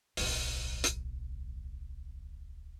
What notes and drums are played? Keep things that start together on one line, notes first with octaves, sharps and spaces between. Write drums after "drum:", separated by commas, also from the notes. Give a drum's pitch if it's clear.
D1 B1, drum: open hi-hat
drum: hi-hat